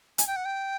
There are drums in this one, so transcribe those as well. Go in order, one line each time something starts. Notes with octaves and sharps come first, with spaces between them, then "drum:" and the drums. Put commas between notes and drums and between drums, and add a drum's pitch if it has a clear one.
G#5, drum: hi-hat
G5
F#5
G5